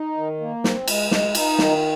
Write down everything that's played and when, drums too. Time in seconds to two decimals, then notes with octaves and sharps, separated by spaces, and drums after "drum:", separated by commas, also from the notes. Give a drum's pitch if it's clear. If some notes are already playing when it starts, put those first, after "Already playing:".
Already playing: D#4
0.17 D#3
0.41 A#3
0.64 C4, drum: snare
0.88 G#3, drum: cymbal
1.11 G#3, drum: snare
1.35 D#4, drum: cymbal
1.58 D#3, drum: snare